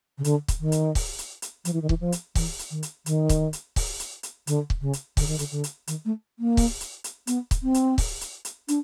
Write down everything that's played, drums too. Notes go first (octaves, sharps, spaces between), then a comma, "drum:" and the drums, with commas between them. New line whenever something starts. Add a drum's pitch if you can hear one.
C#3
D3, drum: hi-hat
drum: kick, hi-hat
D#3
drum: hi-hat
drum: kick, open hi-hat
drum: hi-hat
drum: hi-hat
F3, drum: hi-hat
E3
D#3
E3, drum: kick
F3
drum: hi-hat
E3, drum: kick, open hi-hat
drum: hi-hat
D#3
drum: hi-hat
D#3, drum: hi-hat
drum: kick, hi-hat
drum: hi-hat
drum: kick, open hi-hat
drum: hi-hat
drum: hi-hat
D3, drum: hi-hat
drum: kick
C#3
drum: hi-hat
D3, drum: kick, open hi-hat
D#3
D3, drum: hi-hat
D3
drum: hi-hat
D#3, drum: hi-hat
A3
A#3
drum: kick, open hi-hat
drum: hi-hat
drum: hi-hat
B3, drum: hi-hat
drum: kick, hi-hat
C4
drum: hi-hat
drum: kick, open hi-hat
drum: hi-hat
drum: hi-hat
D4, drum: hi-hat